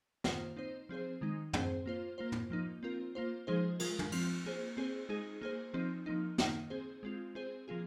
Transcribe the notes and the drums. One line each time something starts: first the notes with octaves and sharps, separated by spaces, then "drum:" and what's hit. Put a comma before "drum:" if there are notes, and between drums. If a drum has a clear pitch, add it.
D#3 A#3 F4 C5, drum: snare
C4 D#4 C5
F3 C4 G#4 C5
D#3 G#3 D#4
C4 G#4 C5, drum: tom
A#3 F4 C5
A#3 F4 C5
drum: tom
F3 A#3 D#4
C4 F4 A#4
A#3 F4 C5
F3 G#3 D#4 G#4 C5
G#3 F4 A#4, drum: cymbal
drum: tom
F3 C4 F4, drum: cymbal
A#3 G#4 C5
C4 G#4 C5
G#3 D#4 G#4
A#3 G#4 C5
F3 C4 D#4
F3 A#3 D#4
D#3 A#3 D#4, drum: snare
C4 G#4 C5
G#3 C4 F4
C4 G#4 C5
F3 A#3 F4 G#4